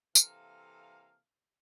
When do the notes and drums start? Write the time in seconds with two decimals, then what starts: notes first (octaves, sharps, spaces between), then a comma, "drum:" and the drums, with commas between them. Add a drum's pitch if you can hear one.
0.15 C3 E3 A#3 A4 F5, drum: tambourine